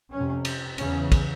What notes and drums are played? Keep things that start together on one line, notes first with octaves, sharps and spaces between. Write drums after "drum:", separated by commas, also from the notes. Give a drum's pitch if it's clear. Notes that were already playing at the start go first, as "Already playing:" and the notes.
F2 C3 C#4
drum: cymbal
E2 C#3 C#4, drum: cymbal
drum: kick, cymbal